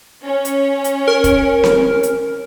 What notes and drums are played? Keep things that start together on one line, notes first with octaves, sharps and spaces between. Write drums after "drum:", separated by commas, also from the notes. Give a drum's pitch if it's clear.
C#4
drum: hi-hat
drum: hi-hat
A#4
drum: kick E1, hi-hat
drum: snare C4
drum: hi-hat